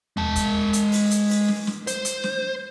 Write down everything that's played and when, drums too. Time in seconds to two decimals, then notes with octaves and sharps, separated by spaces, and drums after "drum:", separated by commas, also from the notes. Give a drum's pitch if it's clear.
0.17 G#3 A5, drum: tom D#2
0.36 drum: kick, hi-hat
0.73 drum: hi-hat
0.92 drum: open hi-hat
1.11 drum: hi-hat
1.30 drum: open hi-hat
1.48 drum: snare
1.67 drum: snare
1.87 C5, drum: hi-hat
2.05 drum: hi-hat
2.24 drum: snare